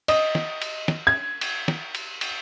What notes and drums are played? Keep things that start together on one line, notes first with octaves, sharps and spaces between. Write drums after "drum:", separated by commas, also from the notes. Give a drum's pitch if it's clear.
D#5, drum: cymbal
drum: snare
drum: cymbal
drum: snare
G#6
drum: cymbal
drum: snare
drum: cymbal
drum: cymbal